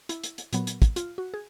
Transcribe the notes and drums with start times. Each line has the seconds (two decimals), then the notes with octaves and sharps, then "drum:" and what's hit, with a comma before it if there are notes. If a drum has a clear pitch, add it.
0.09 E4, drum: hi-hat
0.24 drum: hi-hat
0.38 drum: hi-hat
0.53 A#2 F#3 B3, drum: hi-hat
0.67 drum: hi-hat
0.82 drum: kick, hi-hat
0.96 F4, drum: hi-hat
1.18 F#4
1.34 G#4